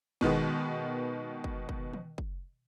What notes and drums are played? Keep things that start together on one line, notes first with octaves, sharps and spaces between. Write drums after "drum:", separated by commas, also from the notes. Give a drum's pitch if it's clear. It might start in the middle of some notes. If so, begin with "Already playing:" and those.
B2 D#3 G#3 B3, drum: kick
drum: kick
drum: kick
drum: tom
drum: kick